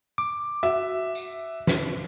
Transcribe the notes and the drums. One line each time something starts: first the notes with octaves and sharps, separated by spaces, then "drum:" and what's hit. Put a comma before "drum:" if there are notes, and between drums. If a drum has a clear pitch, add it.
D6
F#4 E5
drum: tambourine
drum: snare